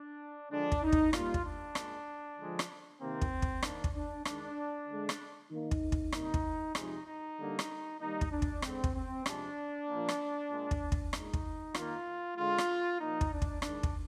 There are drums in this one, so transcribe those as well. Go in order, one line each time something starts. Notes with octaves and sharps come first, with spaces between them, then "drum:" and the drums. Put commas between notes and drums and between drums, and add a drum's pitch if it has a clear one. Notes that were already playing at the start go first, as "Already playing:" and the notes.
Already playing: D4
D3 F3 G#3 D4
drum: kick
D#4
drum: kick
A#2 G3 A#3 F4, drum: rim click
drum: kick
D4
A#2 G#3, drum: rim click
D3 F3 G#3
drum: rim click
C3 D#3 A#3 C4
drum: kick
drum: kick
D#3 A#3 D4, drum: rim click
drum: kick
D4
D#3 G#3 D4, drum: rim click
D3 G#3
drum: rim click
D#3 A#3 D#4
drum: kick
drum: kick
C3 G3 A#3 D#4, drum: rim click
drum: kick
C3 F3 G#3 D#4, drum: rim click
D#4
D3 G3 A#3
drum: rim click
D#3 G3 A#3 D#4
drum: kick
D4
drum: kick
D3 G#3 C4, drum: rim click
drum: kick
C4
C3 F3 G#3 D4, drum: rim click
A#2 F3 A#3
drum: rim click
A#2 G#3
drum: kick
drum: kick
A#2 G#3 D#4, drum: rim click
drum: kick
D#3 A#3 F4, drum: rim click
D3 G#3 F4
drum: rim click
A#2 F3 A#3 D#4
drum: kick
D4
drum: kick
D#3 G#3 D4, drum: rim click
drum: kick